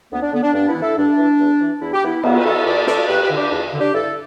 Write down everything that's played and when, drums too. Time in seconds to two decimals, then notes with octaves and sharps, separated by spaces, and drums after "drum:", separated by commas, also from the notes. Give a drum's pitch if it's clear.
0.11 D2 B3
0.22 D4
0.33 D3 B3
0.43 D4
0.54 G2 D4
0.68 B3 E4
0.75 E3
0.82 E4 A4
0.96 G2 D4
1.17 E3
1.39 E2
1.60 E3
1.81 E2 E4
1.93 G4
2.03 E3 B3 E4
2.23 E2 B3, drum: cymbal
2.40 B4
2.44 E3 E4 A4
2.65 E2 A4 D5
2.87 E3 A4 D5, drum: snare
3.08 E2 G4 B4
3.22 G4 B4
3.30 D3
3.37 D4 G4
3.51 E2 D4
3.72 D3
3.79 D4 G4
3.93 G2 E4 A4